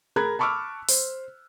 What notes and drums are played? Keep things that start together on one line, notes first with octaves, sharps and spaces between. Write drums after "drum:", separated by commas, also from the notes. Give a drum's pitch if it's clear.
G#4 A#4 A#5 B5 F#6 G#6
A5 B5 C#6 D6 E6 F6
C5, drum: open hi-hat